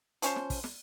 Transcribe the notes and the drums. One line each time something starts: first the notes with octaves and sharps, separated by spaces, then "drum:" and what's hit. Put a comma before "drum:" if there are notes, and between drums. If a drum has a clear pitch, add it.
F3 C#4 C5, drum: hi-hat
drum: snare
drum: kick, open hi-hat
drum: snare